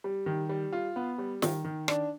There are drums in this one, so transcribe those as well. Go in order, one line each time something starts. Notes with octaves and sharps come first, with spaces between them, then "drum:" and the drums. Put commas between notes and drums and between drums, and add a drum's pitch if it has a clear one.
G3
D#3
G3
F4
B3
G3
D#3, drum: snare
D#3
D4, drum: rim click